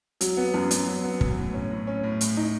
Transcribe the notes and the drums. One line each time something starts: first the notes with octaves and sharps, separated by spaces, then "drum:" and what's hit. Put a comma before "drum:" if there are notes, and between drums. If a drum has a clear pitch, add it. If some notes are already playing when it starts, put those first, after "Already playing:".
F#3, drum: hi-hat
B3
F#2
F#2, drum: hi-hat
F#3
B3
F#3, drum: kick
A2
C#4
A2
C#4
A2
A2, drum: hi-hat
D#4